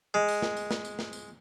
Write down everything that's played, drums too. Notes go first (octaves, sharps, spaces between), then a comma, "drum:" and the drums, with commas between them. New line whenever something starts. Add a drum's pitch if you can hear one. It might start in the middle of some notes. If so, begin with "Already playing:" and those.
G#3
drum: tambourine
drum: snare
drum: tambourine
drum: snare
drum: tambourine
drum: snare
drum: tambourine